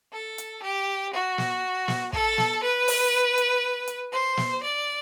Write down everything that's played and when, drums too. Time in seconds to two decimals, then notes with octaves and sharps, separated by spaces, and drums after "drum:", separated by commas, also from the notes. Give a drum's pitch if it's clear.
0.13 A4
0.38 drum: hi-hat
0.63 G4
1.13 F#4
1.38 drum: snare
1.88 drum: snare
2.13 A4, drum: kick
2.38 drum: snare
2.63 B4
2.88 drum: open hi-hat
3.38 drum: hi-hat
3.88 drum: hi-hat
4.12 C5
4.37 drum: snare
4.63 D5